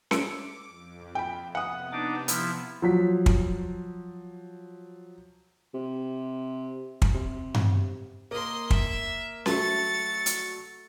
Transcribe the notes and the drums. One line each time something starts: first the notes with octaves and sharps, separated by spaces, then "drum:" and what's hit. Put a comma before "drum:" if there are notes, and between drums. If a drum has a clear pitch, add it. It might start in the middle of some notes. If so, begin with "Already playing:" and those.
D6 E6 C#7 D7, drum: snare C#4
F2
G5 B5
C3 B3 F#5 D#6
D4 D#4 D6
F3 E4, drum: hi-hat
F3 F#3 B6
drum: kick
C3
drum: kick
C3
drum: tom G2
A#3 A#4 D#5 C6
E5, drum: kick
F#3 A3 A6 C#7, drum: snare C#4
drum: hi-hat